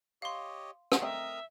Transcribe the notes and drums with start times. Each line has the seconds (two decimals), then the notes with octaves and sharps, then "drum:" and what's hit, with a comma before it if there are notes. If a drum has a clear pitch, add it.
0.22 G4 C#5 D#5 F5 C6
0.92 drum: rim click
1.01 A3 C4 A#4 D#5 E5 A#5 D#6